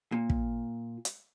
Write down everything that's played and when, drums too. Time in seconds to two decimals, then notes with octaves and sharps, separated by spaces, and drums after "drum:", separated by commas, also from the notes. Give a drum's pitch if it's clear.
0.12 A#2
0.30 drum: kick
1.05 drum: hi-hat